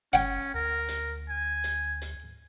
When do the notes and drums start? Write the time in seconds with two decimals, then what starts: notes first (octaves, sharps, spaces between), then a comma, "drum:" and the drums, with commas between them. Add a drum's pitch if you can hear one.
0.13 F#1 C#4 F#5 G5, drum: hi-hat
0.54 D2 A#4
0.89 drum: hi-hat
1.29 G#5
1.64 drum: hi-hat
2.02 drum: hi-hat